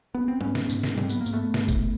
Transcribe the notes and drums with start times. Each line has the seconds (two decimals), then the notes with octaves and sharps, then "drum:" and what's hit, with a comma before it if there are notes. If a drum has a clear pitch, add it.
0.15 B3
0.28 C4
0.41 G#2 B3 C#4, drum: tom F#3
0.55 drum: snare
0.69 G#2, drum: tambourine
0.83 drum: snare
0.98 G#2 C4, drum: tom F#3
1.09 B3, drum: tambourine
1.21 A#3
1.26 G#2, drum: tambourine
1.33 A3 B3
1.54 G#2, drum: snare
1.68 drum: kick, tambourine